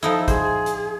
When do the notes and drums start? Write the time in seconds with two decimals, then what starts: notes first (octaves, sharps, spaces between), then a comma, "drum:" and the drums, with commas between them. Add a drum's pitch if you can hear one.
0.03 F3 D#4 E4 A4
0.28 G#4 C5, drum: kick, hi-hat
0.66 drum: hi-hat